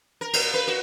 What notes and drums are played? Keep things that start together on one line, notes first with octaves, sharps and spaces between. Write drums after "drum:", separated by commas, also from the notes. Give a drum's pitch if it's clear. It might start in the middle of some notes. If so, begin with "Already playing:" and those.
A#4
B2, drum: cymbal
B4
F#4